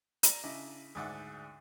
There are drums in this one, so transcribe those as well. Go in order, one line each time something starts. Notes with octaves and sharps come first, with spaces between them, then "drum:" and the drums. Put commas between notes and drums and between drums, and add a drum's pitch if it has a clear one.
D5 A#5, drum: hi-hat
C#3 D4 E4 D#5
D2 G#2 G#4 D5 E5 F#5